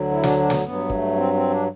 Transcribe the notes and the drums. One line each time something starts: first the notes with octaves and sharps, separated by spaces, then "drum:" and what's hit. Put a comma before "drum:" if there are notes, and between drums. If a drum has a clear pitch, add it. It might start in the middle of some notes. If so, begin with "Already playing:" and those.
Already playing: D2 D3 F#3
E4
D4, drum: snare
D4
B3, drum: snare
G2 F#3 B3
A3, drum: kick
C4
C4
D4